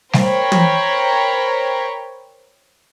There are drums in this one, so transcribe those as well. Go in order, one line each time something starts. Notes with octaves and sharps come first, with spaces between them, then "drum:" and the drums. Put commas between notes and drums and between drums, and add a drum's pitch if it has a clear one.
A#4 C5 C#5 G5 A#5 B5, drum: snare G3
drum: tom